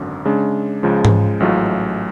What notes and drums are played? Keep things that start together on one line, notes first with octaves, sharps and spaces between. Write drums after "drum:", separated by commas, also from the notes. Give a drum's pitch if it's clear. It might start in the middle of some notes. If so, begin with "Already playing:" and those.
Already playing: G#1 F#2 D3
C#3 G#3 D4
C#2 C#3 F3 G#3
drum: tom G#2
A1 G#2 F#3 A3 F4